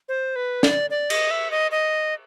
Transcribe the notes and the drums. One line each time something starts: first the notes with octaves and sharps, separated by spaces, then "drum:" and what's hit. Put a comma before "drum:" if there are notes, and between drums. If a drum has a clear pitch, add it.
C5
B4
D5, drum: snare
D5
D#5, drum: cymbal
E5
D#5
D#5